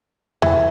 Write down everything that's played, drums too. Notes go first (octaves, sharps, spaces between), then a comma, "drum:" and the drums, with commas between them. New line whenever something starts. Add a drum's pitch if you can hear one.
E3, drum: tom E2